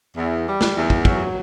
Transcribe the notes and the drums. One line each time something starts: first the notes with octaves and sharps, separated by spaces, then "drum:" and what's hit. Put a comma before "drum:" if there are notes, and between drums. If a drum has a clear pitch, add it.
E2
G3
drum: snare
E2
drum: kick
F#3, drum: kick